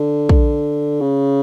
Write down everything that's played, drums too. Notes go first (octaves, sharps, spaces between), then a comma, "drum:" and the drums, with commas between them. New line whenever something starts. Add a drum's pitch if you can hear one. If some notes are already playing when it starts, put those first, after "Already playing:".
Already playing: D3
drum: kick
C#3